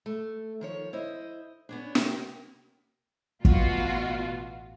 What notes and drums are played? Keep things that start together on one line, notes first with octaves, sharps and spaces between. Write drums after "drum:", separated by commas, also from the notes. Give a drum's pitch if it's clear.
A3
D#3 F3 C#5
E4 C5 D#5
B3 C#4 D4
C3 A#3 A#4 G5, drum: snare
A1 B2 F4 F#4, drum: kick